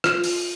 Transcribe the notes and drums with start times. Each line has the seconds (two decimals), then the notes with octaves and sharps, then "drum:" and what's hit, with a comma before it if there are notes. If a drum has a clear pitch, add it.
0.04 F4, drum: rim click
0.24 drum: open hi-hat